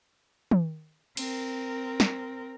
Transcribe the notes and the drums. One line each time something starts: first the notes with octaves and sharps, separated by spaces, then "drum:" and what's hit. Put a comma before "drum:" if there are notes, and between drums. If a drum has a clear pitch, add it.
drum: tom
C4 A#4, drum: cymbal
drum: snare